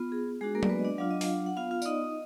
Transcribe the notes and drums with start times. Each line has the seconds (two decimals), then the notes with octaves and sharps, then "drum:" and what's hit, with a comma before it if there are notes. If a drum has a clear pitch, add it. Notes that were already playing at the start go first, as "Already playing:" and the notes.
Already playing: B3 F4
0.12 G#4
0.41 G#3 D4 F#4 G#4
0.55 A#3 A#4
0.63 D5, drum: tom F#3
0.70 B3 B4
0.80 D#5
0.85 D4 D5
0.98 F#3 D4 F4 F5
1.11 D#5
1.21 F4 F5, drum: open hi-hat
1.46 F#5
1.56 B3 F4 F5
1.71 F4 F5
1.82 D5, drum: tambourine
1.86 D#4 D#5